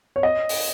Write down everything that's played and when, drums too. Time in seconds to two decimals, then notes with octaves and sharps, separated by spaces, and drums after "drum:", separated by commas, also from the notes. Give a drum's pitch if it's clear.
0.16 C#5
0.23 D#5
0.49 drum: open hi-hat